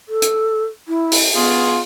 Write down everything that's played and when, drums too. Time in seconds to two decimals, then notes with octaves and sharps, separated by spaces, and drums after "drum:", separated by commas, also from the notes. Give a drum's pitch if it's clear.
0.09 A4
0.22 drum: hi-hat
0.88 E4
1.12 drum: open hi-hat
1.35 B3 F4 G#4